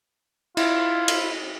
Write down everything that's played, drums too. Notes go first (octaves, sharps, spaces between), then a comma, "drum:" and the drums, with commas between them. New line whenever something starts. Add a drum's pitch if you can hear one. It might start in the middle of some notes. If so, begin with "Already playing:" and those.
E4 F4, drum: cymbal
drum: cymbal